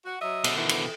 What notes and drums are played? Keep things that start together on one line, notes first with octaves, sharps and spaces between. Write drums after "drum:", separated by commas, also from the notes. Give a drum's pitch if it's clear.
F#4
F#3 D#5 E5
B2 D3, drum: cymbal
D#3 E3
drum: cymbal